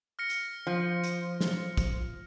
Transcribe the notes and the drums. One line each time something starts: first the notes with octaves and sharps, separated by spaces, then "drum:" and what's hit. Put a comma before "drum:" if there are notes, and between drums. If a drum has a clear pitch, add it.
F6 A#6 C#7
drum: hi-hat
F3
drum: hi-hat
drum: snare
drum: kick, hi-hat